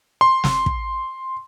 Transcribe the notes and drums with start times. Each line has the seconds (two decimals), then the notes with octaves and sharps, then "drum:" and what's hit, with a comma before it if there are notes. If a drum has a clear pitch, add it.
0.21 C6
0.44 drum: snare
0.66 drum: kick